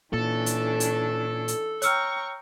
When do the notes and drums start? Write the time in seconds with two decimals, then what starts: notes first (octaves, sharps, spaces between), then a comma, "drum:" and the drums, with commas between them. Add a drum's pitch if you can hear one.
0.14 A#2 E3 C#4 D4 A4
0.46 drum: hi-hat
0.80 drum: hi-hat
1.48 drum: hi-hat
1.82 C#5 G5 A#5 C#6 E6 F6, drum: hi-hat